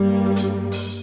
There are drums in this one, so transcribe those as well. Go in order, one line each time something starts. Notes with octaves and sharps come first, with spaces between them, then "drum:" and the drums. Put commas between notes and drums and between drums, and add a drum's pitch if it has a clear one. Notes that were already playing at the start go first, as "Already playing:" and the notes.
Already playing: G2 G3 A#3
drum: hi-hat
drum: open hi-hat